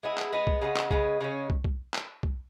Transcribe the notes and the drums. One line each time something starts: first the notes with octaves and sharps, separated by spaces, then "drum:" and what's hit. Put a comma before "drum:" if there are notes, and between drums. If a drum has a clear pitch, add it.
G#3 B3 E4 G#4
drum: clap
G#3 B3 E4 G#4
drum: kick
C#3 G#3 B3
drum: clap
C#3 G#3 B3, drum: kick
C#3 G#3 C#4
drum: kick
drum: kick
drum: clap
drum: kick